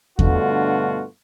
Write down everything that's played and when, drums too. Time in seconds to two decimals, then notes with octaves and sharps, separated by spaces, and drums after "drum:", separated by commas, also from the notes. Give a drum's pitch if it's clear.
0.19 G2 B2 D3 A3 F4 F#4, drum: kick E2